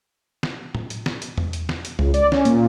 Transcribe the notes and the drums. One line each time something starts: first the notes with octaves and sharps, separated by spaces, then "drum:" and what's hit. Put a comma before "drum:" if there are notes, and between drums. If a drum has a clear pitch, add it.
drum: snare
drum: tom
drum: hi-hat
drum: snare
drum: hi-hat
drum: tom E2
drum: hi-hat
drum: snare
drum: hi-hat
C#2, drum: tom G#3
D5, drum: hi-hat
C#4, drum: snare
A#2, drum: hi-hat